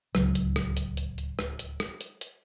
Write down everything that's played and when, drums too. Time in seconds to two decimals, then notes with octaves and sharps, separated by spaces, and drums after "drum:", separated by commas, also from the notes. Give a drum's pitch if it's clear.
0.15 D1 C#2 F#3, drum: rim click
0.35 drum: hi-hat
0.56 drum: rim click
0.77 drum: hi-hat
0.97 drum: hi-hat
1.18 drum: hi-hat
1.39 drum: rim click
1.59 drum: hi-hat
1.80 drum: rim click
2.01 drum: hi-hat
2.21 drum: hi-hat